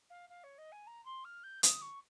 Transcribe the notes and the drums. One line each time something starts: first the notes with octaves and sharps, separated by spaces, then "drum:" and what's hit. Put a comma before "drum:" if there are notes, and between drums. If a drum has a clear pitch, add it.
F5
F5
C#5
D#5
G#5
A#5
C6
F6
G6
D#6, drum: hi-hat
C#6